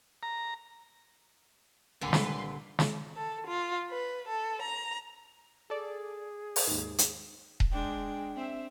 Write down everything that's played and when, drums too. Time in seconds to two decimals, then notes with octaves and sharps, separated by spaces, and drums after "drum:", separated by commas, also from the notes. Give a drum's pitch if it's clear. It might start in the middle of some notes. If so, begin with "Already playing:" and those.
0.23 A#5
2.01 C2 A#2 D3 B4 C6
2.13 drum: snare
2.79 drum: snare
3.15 A4
3.47 F4
3.90 B4
4.28 A4
4.62 A#5
5.70 G#4 A4 D5
6.56 drum: open hi-hat
6.67 D#2 G#2
6.98 drum: hi-hat
7.60 drum: kick D#1
7.72 G#3 D4 G5
8.36 C4 E5